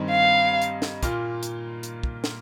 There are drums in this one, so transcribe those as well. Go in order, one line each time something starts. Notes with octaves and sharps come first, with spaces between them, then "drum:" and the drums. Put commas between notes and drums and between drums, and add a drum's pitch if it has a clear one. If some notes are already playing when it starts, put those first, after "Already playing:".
Already playing: G2 D#3 C4 D#4
F5
drum: hi-hat
drum: snare
A#2 A#3 F4, drum: kick, hi-hat
drum: hi-hat
drum: hi-hat
drum: kick
drum: snare